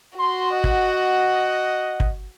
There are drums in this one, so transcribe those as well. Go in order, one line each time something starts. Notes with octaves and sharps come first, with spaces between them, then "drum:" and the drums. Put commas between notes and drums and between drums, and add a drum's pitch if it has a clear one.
F#4 C6
D#5 F#5
drum: kick
drum: kick